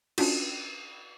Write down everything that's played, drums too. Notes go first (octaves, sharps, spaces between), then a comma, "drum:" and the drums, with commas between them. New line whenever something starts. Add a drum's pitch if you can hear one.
C#4 D4 F4 F#4, drum: cymbal